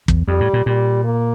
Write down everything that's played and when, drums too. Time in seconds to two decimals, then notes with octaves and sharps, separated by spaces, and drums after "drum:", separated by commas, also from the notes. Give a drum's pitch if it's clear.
0.08 E2, drum: kick
0.28 F2 G3
0.40 A2
0.53 A#2
0.66 A#2 G3
1.04 A#3